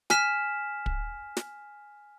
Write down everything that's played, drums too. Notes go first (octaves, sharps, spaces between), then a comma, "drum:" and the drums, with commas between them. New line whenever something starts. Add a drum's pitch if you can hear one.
G#5 F6 B6 E7, drum: snare
drum: kick
drum: snare